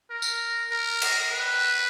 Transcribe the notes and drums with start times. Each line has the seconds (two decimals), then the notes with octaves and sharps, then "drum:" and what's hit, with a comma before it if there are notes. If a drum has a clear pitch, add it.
0.11 A#4
0.22 drum: tambourine
0.71 A#4
1.02 drum: cymbal
1.32 B4